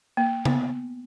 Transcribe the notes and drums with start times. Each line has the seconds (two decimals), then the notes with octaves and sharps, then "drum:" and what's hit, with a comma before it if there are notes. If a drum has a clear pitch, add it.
0.17 A#3
0.45 B3, drum: tom